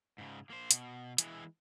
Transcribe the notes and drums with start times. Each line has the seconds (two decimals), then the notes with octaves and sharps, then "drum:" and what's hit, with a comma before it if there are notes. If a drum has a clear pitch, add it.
0.18 G#2 C#3
0.50 A#3 C5
0.71 B2, drum: hi-hat
1.18 E3 G#3, drum: hi-hat